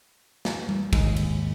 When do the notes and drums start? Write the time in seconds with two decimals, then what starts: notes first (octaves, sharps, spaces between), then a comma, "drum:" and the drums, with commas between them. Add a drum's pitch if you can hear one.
0.45 drum: snare
0.69 drum: tom G3
0.93 D#2 G#2, drum: kick, cymbal
1.16 drum: cymbal